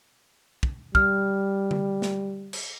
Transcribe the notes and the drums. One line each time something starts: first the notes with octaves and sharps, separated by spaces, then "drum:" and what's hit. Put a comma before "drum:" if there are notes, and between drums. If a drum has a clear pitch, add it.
drum: kick
G3 F6, drum: kick
drum: tom D3
drum: snare
drum: cymbal